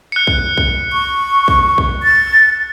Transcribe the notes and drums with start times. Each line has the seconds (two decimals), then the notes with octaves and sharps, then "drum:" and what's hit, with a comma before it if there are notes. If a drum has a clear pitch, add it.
0.12 F#6 C#7
0.27 drum: kick B1
0.57 drum: kick B1
0.93 C#6
1.48 drum: kick B1
1.78 drum: kick B1
2.03 A6